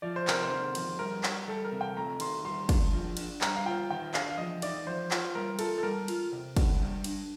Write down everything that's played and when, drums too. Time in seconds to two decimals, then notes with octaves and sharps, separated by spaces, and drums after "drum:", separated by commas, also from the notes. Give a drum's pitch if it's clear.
0.02 F3 D5
0.16 C5
0.27 C3 A#4, drum: clap
0.43 C5
0.51 D#3
0.75 F2, drum: cymbal
0.99 G3 A#4
1.23 G4, drum: clap
1.48 G3 A4
1.64 A#4
1.72 C3
1.81 G5
1.97 A3 A#5
2.20 D#3 C6, drum: cymbal
2.45 G3 C6
2.69 D4, drum: kick, cymbal
2.93 F3
3.17 D4, drum: cymbal
3.41 G3 A#5, drum: clap
3.56 F5
3.66 F4 G5
3.90 D#3 G5
4.14 D4 F5, drum: clap
4.30 F5
4.38 F3 D#5
4.62 D#4 D5, drum: cymbal
4.87 F3 C5
5.11 F4, drum: clap
5.35 G3 A#4
5.59 F4 A4, drum: cymbal
5.78 A4
5.83 G3 A#4
6.08 F4, drum: cymbal
6.32 C3
6.57 D4, drum: kick, cymbal
6.80 G3
7.04 D4, drum: cymbal